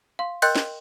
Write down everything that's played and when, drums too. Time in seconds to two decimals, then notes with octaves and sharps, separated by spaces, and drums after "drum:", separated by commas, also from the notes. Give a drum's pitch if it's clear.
0.19 F5 C6
0.42 A#4 D#5 G5 C6 F#6 G6, drum: cymbal
0.55 drum: snare